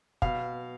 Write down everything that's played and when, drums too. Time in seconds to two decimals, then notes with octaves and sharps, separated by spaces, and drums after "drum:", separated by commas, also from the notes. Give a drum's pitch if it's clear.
0.22 B2 F5, drum: kick